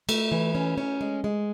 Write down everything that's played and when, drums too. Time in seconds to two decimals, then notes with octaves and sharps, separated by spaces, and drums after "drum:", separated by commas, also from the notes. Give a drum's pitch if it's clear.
0.09 A3, drum: cymbal
0.32 E3
0.55 C#4
0.78 C#4
1.01 G#3
1.24 G#3